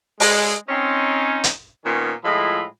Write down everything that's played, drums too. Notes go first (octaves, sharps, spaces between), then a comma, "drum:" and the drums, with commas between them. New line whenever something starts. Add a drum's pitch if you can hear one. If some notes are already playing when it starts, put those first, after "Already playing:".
G#3, drum: open hi-hat
C4 C#4 D#4
drum: hi-hat
A#2 D#3 B3 C#4
A2 F3 G#3 F4 E5 B5